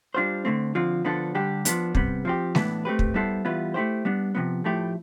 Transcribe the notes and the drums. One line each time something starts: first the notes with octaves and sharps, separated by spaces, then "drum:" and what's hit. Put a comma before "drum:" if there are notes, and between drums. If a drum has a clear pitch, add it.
G3 D4 F4 C5
D3 A3 C4
D3 F3 C4 F4
D3 F3 B3 D4 A4
D3 G3 D4 G4
F3 B3 D4, drum: hi-hat
C3 G3 B3, drum: kick
F3 C4 G4
A2 E3 B3 D4, drum: snare G#3
A3 C4 G4 B4
drum: kick
G3 B3 E4 A4 C5
E3 G3 B3 F4 B4
A3 E4 G4 C5
G3 B3 D4
C3 F3 B3
A2 F3 A3 E4 G4